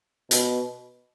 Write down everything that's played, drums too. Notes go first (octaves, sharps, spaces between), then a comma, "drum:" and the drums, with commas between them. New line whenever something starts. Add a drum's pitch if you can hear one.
B2, drum: hi-hat